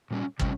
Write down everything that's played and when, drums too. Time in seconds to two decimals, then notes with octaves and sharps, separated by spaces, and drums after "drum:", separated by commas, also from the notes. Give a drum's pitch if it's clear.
0.11 A#2 G3 C#4
0.39 C3 G3 C#4, drum: kick